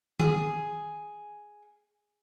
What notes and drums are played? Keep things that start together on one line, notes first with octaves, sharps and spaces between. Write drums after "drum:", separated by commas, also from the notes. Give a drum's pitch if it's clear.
G#4 D#6, drum: tom D#3